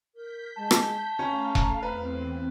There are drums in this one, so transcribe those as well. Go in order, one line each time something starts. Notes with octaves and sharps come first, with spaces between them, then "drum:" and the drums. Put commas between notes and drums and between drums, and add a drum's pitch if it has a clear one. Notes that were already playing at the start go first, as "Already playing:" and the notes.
A#4 G6 B6
G#3 A5
drum: rim click
A3 C#4 F5 A#5
drum: kick E1
E2 C4 B4